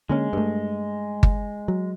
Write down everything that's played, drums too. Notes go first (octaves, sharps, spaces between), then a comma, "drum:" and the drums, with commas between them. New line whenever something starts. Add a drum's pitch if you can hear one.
D3 G#3 A#3 C#4
G2 A3
drum: kick G1
F#3